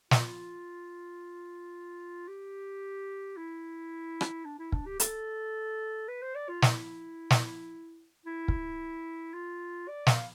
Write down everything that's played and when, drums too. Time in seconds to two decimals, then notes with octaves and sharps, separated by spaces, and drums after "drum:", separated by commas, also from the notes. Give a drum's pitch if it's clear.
0.11 F4, drum: snare
2.28 G4
3.37 E4
4.21 drum: rim click
4.45 D4
4.59 E4
4.72 D4, drum: kick
4.86 G4
5.00 A4, drum: hi-hat
6.08 B4
6.22 C5
6.35 D5
6.49 F4
6.62 E4, drum: snare
7.30 drum: snare
8.26 E4
8.48 drum: kick
9.34 F4
9.88 D5
10.07 F5, drum: snare